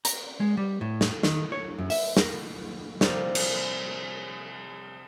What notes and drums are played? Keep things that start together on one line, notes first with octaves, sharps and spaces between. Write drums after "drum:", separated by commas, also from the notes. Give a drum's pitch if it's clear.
A#5, drum: hi-hat
G#3
G3
A2
drum: snare
D#3, drum: snare
C#5
F#2
E5, drum: open hi-hat
A#4, drum: snare
C3 F3 G3 A#3, drum: snare
drum: cymbal